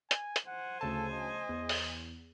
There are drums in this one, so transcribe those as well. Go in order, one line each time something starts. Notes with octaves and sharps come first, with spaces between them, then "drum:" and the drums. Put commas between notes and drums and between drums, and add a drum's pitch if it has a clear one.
G#5, drum: hi-hat
drum: hi-hat
C5 F#5 G#5
D2 C#3 A4 A5
D#5
E2
drum: open hi-hat